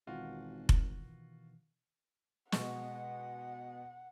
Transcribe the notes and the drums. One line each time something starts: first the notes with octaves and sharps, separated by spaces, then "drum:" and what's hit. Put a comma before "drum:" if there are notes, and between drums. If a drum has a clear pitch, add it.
G#1 B2 D#3 E3 F4 F#4
drum: kick F1
B2 G#3 F#5 C#6, drum: snare